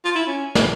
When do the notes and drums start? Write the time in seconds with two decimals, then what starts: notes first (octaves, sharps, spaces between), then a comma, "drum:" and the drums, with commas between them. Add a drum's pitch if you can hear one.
0.04 F4
0.15 E4
0.27 C#4
0.55 drum: snare